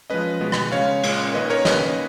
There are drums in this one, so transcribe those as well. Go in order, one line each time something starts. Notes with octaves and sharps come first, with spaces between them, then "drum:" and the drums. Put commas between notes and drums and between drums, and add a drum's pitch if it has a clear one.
F3 G#3 C#4 B4 D#5
B2 G#3 B3
drum: rim click
C#3 G#3 C#4 C#5 F5
A#2 G#3 C#4, drum: cymbal
D#3 A#3 C#4 B4 D#5
A#4 C#5
D#3 A#3 C#4 B4 D#5, drum: snare